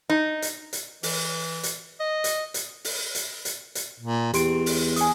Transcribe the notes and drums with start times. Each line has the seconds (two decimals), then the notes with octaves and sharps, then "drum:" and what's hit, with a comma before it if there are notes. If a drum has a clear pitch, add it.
0.10 D#4
0.42 drum: hi-hat
0.73 drum: hi-hat
1.03 E3, drum: open hi-hat
1.63 drum: hi-hat
2.00 D#5
2.24 drum: hi-hat
2.54 drum: hi-hat
2.84 drum: open hi-hat
3.15 drum: hi-hat
3.45 drum: hi-hat
3.75 drum: hi-hat
4.00 A#2
4.34 E2 G4 C6 D7, drum: hi-hat
4.66 drum: open hi-hat
4.96 G#5 D#6, drum: hi-hat